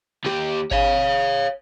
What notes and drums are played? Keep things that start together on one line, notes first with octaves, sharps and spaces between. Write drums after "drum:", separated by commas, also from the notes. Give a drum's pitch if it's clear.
D#2 G4
C#5 F5, drum: kick G#1